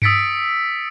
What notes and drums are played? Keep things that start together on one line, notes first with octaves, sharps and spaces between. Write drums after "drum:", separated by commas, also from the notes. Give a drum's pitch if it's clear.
D#6 E6 A6 B6 C#7 D7, drum: tom G2